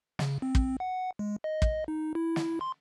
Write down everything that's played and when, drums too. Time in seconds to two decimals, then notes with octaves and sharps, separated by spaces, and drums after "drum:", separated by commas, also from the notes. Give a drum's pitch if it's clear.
0.19 C#3, drum: snare
0.42 C4
0.55 drum: kick
0.80 F#5
1.19 G#3
1.44 D#5
1.62 drum: kick
1.88 D#4
2.15 E4
2.36 E4, drum: snare
2.61 C6